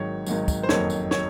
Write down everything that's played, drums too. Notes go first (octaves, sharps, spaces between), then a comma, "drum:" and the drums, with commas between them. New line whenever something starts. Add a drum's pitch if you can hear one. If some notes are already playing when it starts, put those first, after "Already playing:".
Already playing: G#1 G#2 D#3 F#3 C#5
G#1 G#2 D#3 F#3, drum: tambourine
drum: kick, tambourine
C5
F#1 F2 D#3 F#3 C#5, drum: snare
drum: tambourine
D#3 C#5, drum: snare